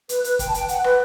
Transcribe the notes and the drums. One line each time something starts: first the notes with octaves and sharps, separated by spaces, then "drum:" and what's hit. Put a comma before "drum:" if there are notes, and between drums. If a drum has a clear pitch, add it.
B4, drum: hi-hat
B4, drum: hi-hat
G5, drum: kick, hi-hat
A5
G5, drum: hi-hat
F#5, drum: hi-hat
B4, drum: rim click